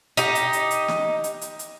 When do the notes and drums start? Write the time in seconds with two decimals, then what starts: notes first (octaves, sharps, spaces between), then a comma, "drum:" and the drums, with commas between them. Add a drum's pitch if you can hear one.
0.17 D#4 G4, drum: hi-hat
0.35 drum: hi-hat
0.53 drum: hi-hat
0.71 drum: hi-hat
0.88 drum: snare
1.24 drum: hi-hat
1.41 drum: hi-hat
1.59 drum: hi-hat